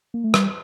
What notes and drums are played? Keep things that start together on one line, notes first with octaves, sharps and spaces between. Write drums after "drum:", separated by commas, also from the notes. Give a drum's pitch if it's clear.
A#3
A3
G3, drum: rim click